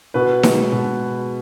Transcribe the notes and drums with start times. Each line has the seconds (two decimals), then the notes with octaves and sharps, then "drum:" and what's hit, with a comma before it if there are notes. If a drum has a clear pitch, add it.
0.14 B2 B4
0.43 G#3, drum: snare D#4
0.72 B2